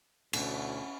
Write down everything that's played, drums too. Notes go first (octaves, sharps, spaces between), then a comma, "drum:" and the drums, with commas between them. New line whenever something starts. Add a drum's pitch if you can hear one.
D2 B2 C#4 E4, drum: cymbal